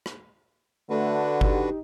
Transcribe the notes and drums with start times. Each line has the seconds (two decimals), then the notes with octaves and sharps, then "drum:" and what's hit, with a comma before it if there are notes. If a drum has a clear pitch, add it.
0.06 drum: rim click
0.90 D3 A3 D4 F#4 B4
1.41 D#4 G4, drum: kick G1